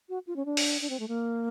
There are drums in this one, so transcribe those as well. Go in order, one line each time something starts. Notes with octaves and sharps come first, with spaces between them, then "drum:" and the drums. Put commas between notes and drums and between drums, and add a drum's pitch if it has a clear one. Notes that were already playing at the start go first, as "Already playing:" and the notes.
F#4
F4
C#4
D4
drum: open hi-hat
D4
C4
A3
A#3